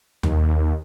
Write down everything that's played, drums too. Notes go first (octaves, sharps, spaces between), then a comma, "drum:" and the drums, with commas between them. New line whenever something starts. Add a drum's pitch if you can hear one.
D#2, drum: tom